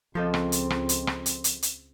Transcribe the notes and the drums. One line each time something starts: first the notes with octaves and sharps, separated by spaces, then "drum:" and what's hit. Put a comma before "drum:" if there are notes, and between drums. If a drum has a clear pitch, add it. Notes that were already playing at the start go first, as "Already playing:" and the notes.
C#2 F3 C4 F4 A4 D#5
drum: rim click
drum: hi-hat
drum: rim click
drum: hi-hat
drum: rim click
drum: hi-hat
drum: hi-hat
drum: hi-hat